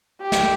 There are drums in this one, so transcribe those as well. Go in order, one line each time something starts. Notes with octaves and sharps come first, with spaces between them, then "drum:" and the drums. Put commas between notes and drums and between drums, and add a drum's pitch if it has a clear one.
G4
drum: snare